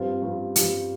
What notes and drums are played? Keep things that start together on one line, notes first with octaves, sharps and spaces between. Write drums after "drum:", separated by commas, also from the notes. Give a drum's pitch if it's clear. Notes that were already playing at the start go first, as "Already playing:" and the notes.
Already playing: G2 G3 C4 F4
G2 G3 C4 F4
G2 G3 C4 F4, drum: hi-hat